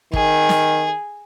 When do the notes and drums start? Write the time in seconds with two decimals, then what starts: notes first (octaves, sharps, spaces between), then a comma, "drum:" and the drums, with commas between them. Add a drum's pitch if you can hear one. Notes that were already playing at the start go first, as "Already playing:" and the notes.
0.13 D#3 G#4, drum: kick
0.49 drum: snare